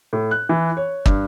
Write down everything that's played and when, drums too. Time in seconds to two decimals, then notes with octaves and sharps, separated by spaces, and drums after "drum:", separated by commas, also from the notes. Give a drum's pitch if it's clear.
0.13 A2
0.31 F#6
0.49 E3
0.77 C#5
1.06 G2, drum: kick